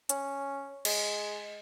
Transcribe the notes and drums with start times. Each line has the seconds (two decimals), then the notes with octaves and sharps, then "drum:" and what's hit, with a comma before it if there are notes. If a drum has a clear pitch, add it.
0.09 C#4, drum: hi-hat
0.85 G#3, drum: cymbal